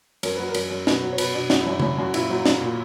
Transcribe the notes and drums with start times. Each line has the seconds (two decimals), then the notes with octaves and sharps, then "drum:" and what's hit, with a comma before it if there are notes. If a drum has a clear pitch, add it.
0.23 F#2 A#4, drum: cymbal
0.36 F#3 B4
0.49 A#4
0.54 F#2, drum: cymbal
0.71 F#2
0.87 B2 B4, drum: snare
1.03 F#3
1.13 C#5
1.18 B2 B4, drum: cymbal
1.34 B2 D4
1.50 F#2 F#4, drum: snare
1.60 E4
1.66 F#2 D4
1.80 F#2 E4, drum: tom C#3
1.98 F#2 F#4
2.14 A#2 E4, drum: cymbal
2.30 F#3
2.45 F#3, drum: snare
2.61 A#2